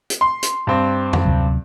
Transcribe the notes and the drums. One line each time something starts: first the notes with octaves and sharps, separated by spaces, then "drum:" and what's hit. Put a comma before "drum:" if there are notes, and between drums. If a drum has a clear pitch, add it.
drum: hi-hat
C6
drum: hi-hat
G2 C4
drum: tom
D2 C3 F#3